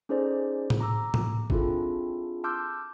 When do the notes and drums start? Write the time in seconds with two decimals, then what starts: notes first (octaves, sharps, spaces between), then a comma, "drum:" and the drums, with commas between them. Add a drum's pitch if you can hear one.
0.09 C#4 D#4 G#4 A4 C5 D5
0.70 drum: tom A2
0.81 A#5 D6 E6
1.14 drum: tom A2
1.50 C4 D4 E4 F4 G#4 A4, drum: kick G1
2.44 A5 C6 D6 E6 F6 G6